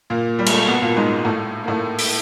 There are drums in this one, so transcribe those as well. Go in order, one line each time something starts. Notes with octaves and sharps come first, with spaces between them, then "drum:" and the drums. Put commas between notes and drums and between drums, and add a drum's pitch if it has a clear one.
A#2 A#3
G3
G#3, drum: cymbal
A3
A#3
B2 B3
A#2 A#3
G#2 G#3
A2 A3
A#3
A2 A3
drum: open hi-hat